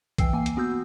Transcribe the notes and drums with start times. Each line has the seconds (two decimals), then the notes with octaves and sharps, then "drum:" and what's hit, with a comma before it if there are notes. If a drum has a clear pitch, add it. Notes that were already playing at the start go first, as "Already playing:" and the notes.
0.18 E3 G5 E6 C7, drum: kick B1, hi-hat
0.33 A#3 G#5
0.46 drum: hi-hat
0.57 B3 F#4 E6 G6